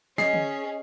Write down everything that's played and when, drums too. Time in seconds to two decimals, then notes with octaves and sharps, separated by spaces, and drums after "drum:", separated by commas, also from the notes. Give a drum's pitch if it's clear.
0.18 C#4 G#4 D#5 C7, drum: snare
0.34 drum: tom D3